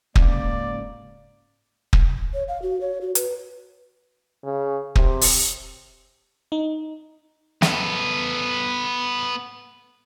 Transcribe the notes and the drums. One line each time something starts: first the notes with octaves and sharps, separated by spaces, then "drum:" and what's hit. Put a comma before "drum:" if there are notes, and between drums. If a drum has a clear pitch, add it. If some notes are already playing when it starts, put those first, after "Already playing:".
G#2 C#3 A#3 C#4 D5, drum: kick
drum: kick
C#5
F5
F#4
C#5
F#4
B4, drum: hi-hat
C#3
C3, drum: kick
drum: open hi-hat
D#4
B3 A4, drum: snare